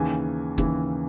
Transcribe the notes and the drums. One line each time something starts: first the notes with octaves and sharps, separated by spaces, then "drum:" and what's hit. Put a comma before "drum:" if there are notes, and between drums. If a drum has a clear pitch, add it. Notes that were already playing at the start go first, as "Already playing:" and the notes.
Already playing: D#2 C#3 E3 G#5
D#2 C#3 E3, drum: kick